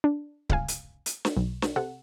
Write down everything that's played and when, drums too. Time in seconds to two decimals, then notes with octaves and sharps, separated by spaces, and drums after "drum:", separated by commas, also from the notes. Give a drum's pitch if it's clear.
0.04 D4
0.49 G1 C#2 F5 G#5, drum: kick C#1
0.68 drum: hi-hat
1.06 drum: hi-hat
1.25 drum: snare
1.37 B1
1.62 drum: snare
1.76 C3 A4 F#5